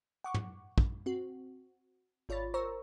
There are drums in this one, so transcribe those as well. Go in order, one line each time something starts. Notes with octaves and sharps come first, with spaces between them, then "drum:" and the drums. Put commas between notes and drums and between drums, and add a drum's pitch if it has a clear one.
F#5 C#6 D6
drum: tom
drum: kick
C4 F#4
G#1 F4 C#5 D5 B5 A6
A#4 C5 A#5 C#6 E6